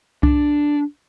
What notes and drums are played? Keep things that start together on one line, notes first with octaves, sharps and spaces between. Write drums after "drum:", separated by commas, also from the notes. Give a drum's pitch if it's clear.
D4, drum: kick C2